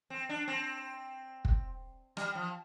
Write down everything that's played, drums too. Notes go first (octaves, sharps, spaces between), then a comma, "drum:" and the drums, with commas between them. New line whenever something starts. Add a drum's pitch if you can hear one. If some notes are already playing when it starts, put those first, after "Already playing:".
C4
D4
C4
drum: kick
G3, drum: rim click
F3